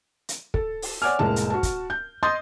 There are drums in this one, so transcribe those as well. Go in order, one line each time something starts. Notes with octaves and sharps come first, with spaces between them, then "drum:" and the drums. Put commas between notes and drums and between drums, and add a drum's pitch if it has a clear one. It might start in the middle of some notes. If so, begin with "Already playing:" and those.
drum: hi-hat
A4, drum: kick
drum: open hi-hat
C#5 D5 F#5 G#5 D6 F6
F1 A2 G#3 A#3 A5
drum: hi-hat
F#4 A5
drum: kick, hi-hat
G6
D#5 C6 D#6 G6 A6